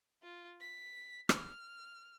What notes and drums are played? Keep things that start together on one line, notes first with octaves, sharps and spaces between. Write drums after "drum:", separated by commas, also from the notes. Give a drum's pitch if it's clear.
F4
B6
F6, drum: rim click